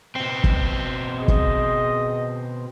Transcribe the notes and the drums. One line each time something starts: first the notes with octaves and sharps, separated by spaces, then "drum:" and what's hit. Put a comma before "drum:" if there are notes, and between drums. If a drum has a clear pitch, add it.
B2 C4
drum: kick
G#4 D#5
drum: kick